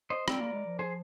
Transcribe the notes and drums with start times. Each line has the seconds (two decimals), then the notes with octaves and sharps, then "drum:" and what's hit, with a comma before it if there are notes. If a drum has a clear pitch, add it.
0.10 C5 D#5
0.28 C4 A#4 D5, drum: rim click
0.40 A#3
0.53 G#3
0.66 F3
0.79 G#4 C5